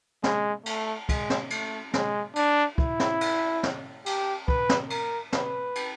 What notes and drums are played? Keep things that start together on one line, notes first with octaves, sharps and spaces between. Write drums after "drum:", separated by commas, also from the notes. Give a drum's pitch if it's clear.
G#3, drum: snare
A3, drum: cymbal
G#3, drum: kick, cymbal
drum: snare
A3, drum: cymbal
G#3, drum: snare
D4, drum: cymbal
E4, drum: kick
drum: snare
drum: cymbal
drum: snare
G4, drum: cymbal
B4, drum: kick
drum: snare
A#4, drum: cymbal
B4, drum: snare
drum: cymbal